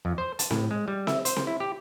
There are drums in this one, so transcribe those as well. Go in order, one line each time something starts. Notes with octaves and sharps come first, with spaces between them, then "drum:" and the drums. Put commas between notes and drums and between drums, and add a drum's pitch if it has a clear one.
F2
C5
A5, drum: hi-hat
A2, drum: snare C4
G#3
G3
E5, drum: snare C4
C5, drum: hi-hat
drum: snare C4
E4
G4